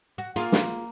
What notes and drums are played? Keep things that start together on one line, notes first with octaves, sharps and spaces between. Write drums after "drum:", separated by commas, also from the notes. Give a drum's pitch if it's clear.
F#4
A#3 F4 G#4
drum: snare